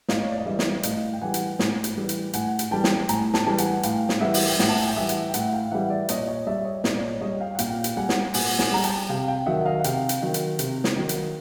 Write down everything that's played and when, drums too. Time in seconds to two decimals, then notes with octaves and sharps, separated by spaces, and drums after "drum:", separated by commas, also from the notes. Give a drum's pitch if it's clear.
0.08 A2 D#5 F5, drum: snare
0.21 C#5
0.30 D5
0.38 D#5
0.46 E3 G3 D5 E5
0.59 drum: snare
0.83 A2 D#5 F5, drum: hi-hat
1.13 G5
1.21 E3 G3 F#5 G#5
1.34 drum: hi-hat
1.59 A2, drum: snare
1.84 drum: hi-hat
1.97 E3 G3
2.09 drum: hi-hat
2.33 A2 F#5 G#5, drum: hi-hat
2.59 drum: hi-hat
2.71 E3 G3 G5 A5
2.84 drum: snare
3.09 A2 G#5 A#5, drum: hi-hat
3.34 G5 A5, drum: snare
3.46 E3 G3 A5
3.58 F#5 G#5, drum: hi-hat
3.83 A2 F5 G5, drum: hi-hat
4.09 drum: snare
4.21 E3 G3 E5 F#5
4.34 drum: open hi-hat
4.49 G5
4.59 A2 E5 F#5, drum: snare
4.69 A5
4.78 G#5
4.87 G5
4.96 E3 G3 E5 F#5
5.09 drum: hi-hat
5.29 G5
5.34 A2 E5 F#5, drum: hi-hat
5.53 F5 G5
5.71 E3 G3 E5 F#5
5.90 D5 E5
6.09 A#2 C#5 D#5, drum: hi-hat
6.27 C#5 D#5
6.46 G3 D5 E5
6.65 C#5 D#5
6.84 A#2 D5, drum: snare
6.97 D5
7.02 C#5 D#5
7.21 G3 C#5 D#5
7.40 F5 G5
7.55 F#5
7.59 A#2 F5 G5, drum: hi-hat
7.84 drum: hi-hat
7.97 G3 F#5 G#5
8.09 drum: snare
8.34 A#2 F#5 G#5, drum: open hi-hat
8.59 F#5 G#5, drum: snare
8.72 G3 A#5
8.84 G5 A5, drum: hi-hat
9.09 C3 F5 G5
9.27 F5 G5
9.46 D#3 F#3 E5 F#5
9.65 D#5 F5
9.80 F#5
9.84 C3 F5 G5, drum: hi-hat
10.09 drum: hi-hat
10.22 D#3 F#3
10.34 drum: hi-hat
10.59 C3, drum: hi-hat
10.84 drum: snare
10.96 D#3 F#3
11.09 drum: hi-hat